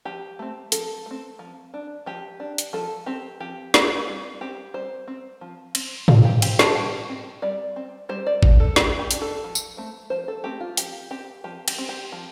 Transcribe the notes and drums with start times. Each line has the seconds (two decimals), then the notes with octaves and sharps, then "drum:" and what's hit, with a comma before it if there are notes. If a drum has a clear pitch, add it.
0.05 F3 G4
0.39 A3 C4
0.72 F3 A4, drum: hi-hat
1.06 A3 C4
1.39 F3
1.74 D4
2.06 F3 G4
2.40 D4
2.58 drum: hi-hat
2.73 F3 A4
3.06 C4 G4
3.40 F3 G4
3.74 C4 F4, drum: snare
4.08 G3
4.41 C4 G4
4.74 G3 C5
5.07 C4
5.41 F3
5.75 C4, drum: cymbal
6.08 F3 F5, drum: tom G#2
6.25 G4
6.42 C4 G4, drum: cymbal
6.59 A5, drum: snare
6.75 G3 G5
7.09 C4
7.42 G3 D5
7.76 C4
8.09 G3 C5
8.27 D5
8.43 D4, drum: kick G#1
8.60 A4
8.76 G3 G4, drum: snare
8.99 G4
9.11 D4, drum: hi-hat
9.22 A4
9.44 F3
9.55 drum: tambourine
9.77 A3 C4
10.10 F3 C5
10.28 A4
10.44 A3 C4 G4
10.60 F4
10.77 F3 G4, drum: hi-hat
11.11 C4 G4
11.44 F3 G4
11.68 G4, drum: cymbal
11.78 C4
11.89 G4
12.12 F3